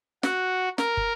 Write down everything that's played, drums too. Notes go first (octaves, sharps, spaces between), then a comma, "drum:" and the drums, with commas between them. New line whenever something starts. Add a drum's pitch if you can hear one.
F#4, drum: snare
A#4, drum: snare
drum: kick